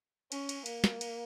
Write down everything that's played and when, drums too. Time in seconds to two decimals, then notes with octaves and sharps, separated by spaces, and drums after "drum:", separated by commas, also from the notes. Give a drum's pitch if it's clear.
0.32 C#4, drum: cymbal
0.49 drum: cymbal
0.66 A#3, drum: cymbal
0.84 drum: snare
1.01 drum: cymbal